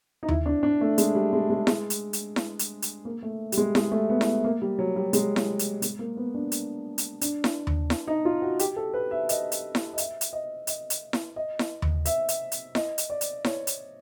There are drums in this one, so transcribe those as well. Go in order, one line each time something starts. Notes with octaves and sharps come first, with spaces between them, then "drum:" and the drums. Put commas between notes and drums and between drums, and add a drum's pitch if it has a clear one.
D#4
E4, drum: tom D#2
D4
D4
A3
G#3, drum: hi-hat
G3
G#3
G#3
G#3, drum: snare E4
drum: hi-hat
drum: hi-hat
drum: snare E4
drum: hi-hat
drum: hi-hat
A#3
A3
G3, drum: hi-hat
G#3
G#3, drum: snare E4
A3
B3
drum: snare E4
A#3
G3
F#3
G3
G#3, drum: hi-hat
drum: snare E4
drum: hi-hat
G#3, drum: hi-hat
A#3
B3
D4
drum: hi-hat
drum: hi-hat
D4, drum: hi-hat
drum: snare E4
drum: tom D#2
drum: snare E4
D#4
F4
F#4
G4, drum: hi-hat
A4
B4
E5
D#5, drum: hi-hat
drum: hi-hat
drum: snare E4
D#5
E5, drum: hi-hat
drum: hi-hat
D#5
D#5, drum: hi-hat
drum: hi-hat
drum: snare E4
D#5
drum: snare E4
drum: tom D#2
E5, drum: hi-hat
drum: hi-hat
drum: hi-hat
D#5, drum: snare E4
drum: hi-hat
D5
drum: hi-hat
C#5, drum: snare E4
drum: hi-hat